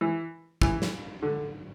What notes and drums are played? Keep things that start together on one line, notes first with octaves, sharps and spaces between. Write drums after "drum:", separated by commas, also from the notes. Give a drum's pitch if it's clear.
E3
E3, drum: kick
drum: snare
D3